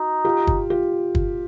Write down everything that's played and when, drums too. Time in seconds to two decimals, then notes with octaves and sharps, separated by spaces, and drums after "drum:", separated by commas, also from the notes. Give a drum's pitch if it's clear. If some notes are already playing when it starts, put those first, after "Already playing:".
Already playing: D#4 F#4
0.25 F4 G4
0.47 drum: kick
0.70 F4 G4
1.15 drum: kick